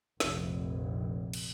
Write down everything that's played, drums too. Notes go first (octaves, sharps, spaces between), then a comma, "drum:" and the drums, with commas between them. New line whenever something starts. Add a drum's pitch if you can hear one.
F1 A#1, drum: snare
drum: cymbal